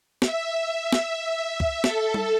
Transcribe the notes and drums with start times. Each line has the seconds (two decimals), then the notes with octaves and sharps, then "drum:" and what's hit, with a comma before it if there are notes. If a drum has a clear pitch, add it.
0.22 E5, drum: snare
0.93 drum: snare
1.60 drum: kick
1.84 A4, drum: snare
2.14 drum: tom G3